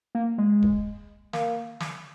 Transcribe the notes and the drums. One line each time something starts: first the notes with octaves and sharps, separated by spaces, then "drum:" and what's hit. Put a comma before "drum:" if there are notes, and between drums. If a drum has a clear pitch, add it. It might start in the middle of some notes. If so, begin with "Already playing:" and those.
A#3
G#3
drum: kick D#1
A#3, drum: snare
drum: snare